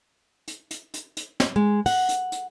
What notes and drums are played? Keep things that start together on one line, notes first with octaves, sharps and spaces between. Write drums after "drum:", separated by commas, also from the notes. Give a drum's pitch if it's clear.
drum: hi-hat
drum: hi-hat
drum: hi-hat
drum: hi-hat
drum: snare
G#3
F#5, drum: open hi-hat
drum: hi-hat
drum: hi-hat